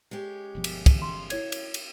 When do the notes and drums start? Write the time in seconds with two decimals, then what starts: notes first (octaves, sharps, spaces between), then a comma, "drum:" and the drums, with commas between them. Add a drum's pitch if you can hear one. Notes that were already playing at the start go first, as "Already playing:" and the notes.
0.11 G#3 C#4 G4
0.55 G1 B2 F3
0.64 drum: cymbal
0.86 drum: kick, cymbal
1.02 C6
1.30 E4 C#5 G#6, drum: cymbal
1.52 drum: cymbal
1.74 drum: cymbal